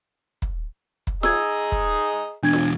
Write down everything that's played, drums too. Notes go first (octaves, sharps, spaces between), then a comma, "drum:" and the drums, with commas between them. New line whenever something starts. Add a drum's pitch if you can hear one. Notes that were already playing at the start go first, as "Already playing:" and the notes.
drum: kick
drum: kick
G#4 D#5 A#5 E6 G#6, drum: snare F4
drum: kick
E2 B2 D4 G#6
drum: snare F4